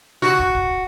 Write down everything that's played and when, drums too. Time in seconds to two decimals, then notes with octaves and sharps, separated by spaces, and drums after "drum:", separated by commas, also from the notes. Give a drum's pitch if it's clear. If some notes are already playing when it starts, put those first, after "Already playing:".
0.22 F#4, drum: snare
0.38 drum: kick
0.55 drum: kick